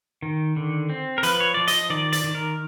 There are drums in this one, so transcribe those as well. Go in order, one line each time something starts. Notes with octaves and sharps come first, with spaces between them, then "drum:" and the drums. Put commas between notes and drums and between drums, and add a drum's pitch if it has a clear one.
D#3
D3
C4
A#4
F3 B4, drum: hi-hat
C#5
F3 D5
D#5, drum: hi-hat
D#3 D5
D5, drum: hi-hat
D#3
A#4